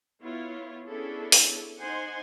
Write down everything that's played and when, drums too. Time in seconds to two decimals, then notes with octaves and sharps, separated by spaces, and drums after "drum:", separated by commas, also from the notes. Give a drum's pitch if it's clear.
0.22 B3 E4 F4 C#5
0.87 B3 C#4 D4 E4 G#4 A4
1.32 drum: open hi-hat
1.78 D#4 C5 F#5 G#5 C6